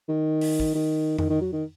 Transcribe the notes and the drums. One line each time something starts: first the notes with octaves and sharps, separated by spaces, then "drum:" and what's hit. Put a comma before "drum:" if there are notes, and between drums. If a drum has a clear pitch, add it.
D#3
drum: open hi-hat
drum: kick
D#3
D#3, drum: tom F2
D#3
F#3
D#3